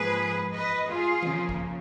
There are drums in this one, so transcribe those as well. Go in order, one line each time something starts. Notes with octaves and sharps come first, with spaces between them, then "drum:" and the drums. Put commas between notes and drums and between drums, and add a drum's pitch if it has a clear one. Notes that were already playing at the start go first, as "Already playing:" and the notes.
Already playing: G#2 F3 A#3 G#4 B4
B4 D#5
F4 G#4
C#3 F3 A#3 C#4, drum: tom D#3
drum: kick